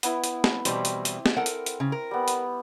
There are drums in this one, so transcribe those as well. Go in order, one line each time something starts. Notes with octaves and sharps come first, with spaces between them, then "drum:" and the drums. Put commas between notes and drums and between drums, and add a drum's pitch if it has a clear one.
B3 E4, drum: hi-hat
drum: hi-hat
drum: snare
B2 E3 G3 C4 D6, drum: hi-hat
drum: hi-hat
drum: hi-hat
drum: snare
A4 A#4 F#5
drum: hi-hat
drum: hi-hat
C#3
A#4
G3 B3
drum: hi-hat